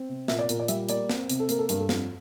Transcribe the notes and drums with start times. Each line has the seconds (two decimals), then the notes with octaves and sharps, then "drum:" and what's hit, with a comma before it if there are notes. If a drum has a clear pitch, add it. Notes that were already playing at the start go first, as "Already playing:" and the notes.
Already playing: C4
0.09 C3
0.28 A#2 E5, drum: snare
0.39 D5
0.49 A#2 A#4, drum: hi-hat
0.59 D5
0.68 G3 E5, drum: hi-hat
0.89 A#3 D5, drum: hi-hat
1.10 C4, drum: snare
1.29 C3, drum: hi-hat
1.40 A4
1.49 A#3 A#4, drum: hi-hat
1.59 A4
1.69 G2 A#4, drum: hi-hat
1.79 A4
1.89 F2, drum: snare